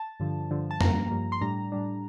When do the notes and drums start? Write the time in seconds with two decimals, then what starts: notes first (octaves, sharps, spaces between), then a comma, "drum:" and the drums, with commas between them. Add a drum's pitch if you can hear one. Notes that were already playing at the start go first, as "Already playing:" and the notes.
Already playing: A5
0.20 G2 D3 F3
0.51 G2 D3 F3
0.71 A5
0.81 G2 F3 A#3 A#5, drum: tom
1.11 G2 F3 A#3
1.32 C6
1.41 A2 G3 D4 A#5
1.72 A2 G3 D4